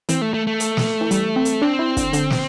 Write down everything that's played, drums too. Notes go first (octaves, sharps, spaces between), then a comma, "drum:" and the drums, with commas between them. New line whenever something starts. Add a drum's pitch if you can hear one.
E3 C4, drum: hi-hat
A3
A3
A3
drum: hi-hat
drum: snare
E3
G3, drum: hi-hat
C4
drum: hi-hat
C4 D4
E4
D3, drum: kick, hi-hat
D3, drum: hi-hat
drum: snare